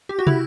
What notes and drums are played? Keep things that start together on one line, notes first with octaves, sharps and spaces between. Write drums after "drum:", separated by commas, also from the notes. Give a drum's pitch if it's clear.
G4
F#4
E4, drum: tom